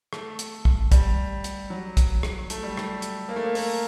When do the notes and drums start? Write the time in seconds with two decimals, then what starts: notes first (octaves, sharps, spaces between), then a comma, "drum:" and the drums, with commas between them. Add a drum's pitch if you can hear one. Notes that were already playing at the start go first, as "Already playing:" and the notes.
0.13 A3, drum: rim click
0.39 drum: hi-hat
0.65 drum: kick
0.92 G3, drum: kick, hi-hat
1.44 drum: hi-hat
1.70 F#3
1.97 drum: kick, hi-hat
2.23 drum: rim click
2.50 A3, drum: hi-hat
2.63 G3
2.77 A3, drum: rim click
3.02 drum: hi-hat
3.29 A#3
3.36 A3
3.44 A#3
3.55 A#3, drum: open hi-hat